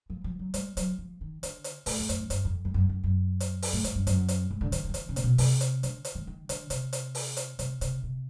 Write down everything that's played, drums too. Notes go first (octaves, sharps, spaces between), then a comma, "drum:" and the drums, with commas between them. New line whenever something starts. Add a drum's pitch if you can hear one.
F3
F3
F#3
G3, drum: hi-hat
F#3, drum: hi-hat
F3
D#3
D3, drum: hi-hat
drum: hi-hat
A2, drum: open hi-hat
E2
F2, drum: hi-hat
F#2
G2, drum: hi-hat
F2
F2
F#2
F#2
F#2
drum: hi-hat
drum: open hi-hat
A2
G#2, drum: hi-hat
G2
F#2, drum: hi-hat
drum: hi-hat
G#2
D3
D#3, drum: hi-hat
D#3
F3
E3, drum: hi-hat
C#3
A#2, drum: hi-hat
B2
C3, drum: open hi-hat
drum: hi-hat
D3, drum: hi-hat
drum: hi-hat
D#3
D#3
D3, drum: hi-hat
C3, drum: hi-hat
drum: hi-hat
drum: open hi-hat
drum: hi-hat
C3, drum: hi-hat
C3, drum: hi-hat
C3